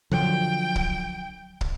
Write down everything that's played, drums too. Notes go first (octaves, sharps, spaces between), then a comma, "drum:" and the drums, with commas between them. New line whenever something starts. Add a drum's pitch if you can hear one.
D3 F3 F#3 G5
drum: kick
drum: kick